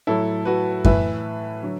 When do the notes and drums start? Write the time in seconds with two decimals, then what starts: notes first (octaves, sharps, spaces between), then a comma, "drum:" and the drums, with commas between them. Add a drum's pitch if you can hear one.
0.07 A2 F#3 E4 A4
0.45 F#4 B4
0.85 A2 E3 B4 E5, drum: kick F#2
1.63 D3 F#3